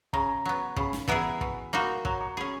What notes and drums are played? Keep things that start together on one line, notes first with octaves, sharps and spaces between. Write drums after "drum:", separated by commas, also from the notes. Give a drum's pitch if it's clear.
C#3 A#5, drum: kick
F#3 B3
C#3 B5, drum: kick
drum: snare
E3 B3 E4 G#4 A#5, drum: kick
B2 B5, drum: kick
A#3 D#4 F#4 B5
F#3 A#5, drum: kick
C#6
C#4 G#4 B5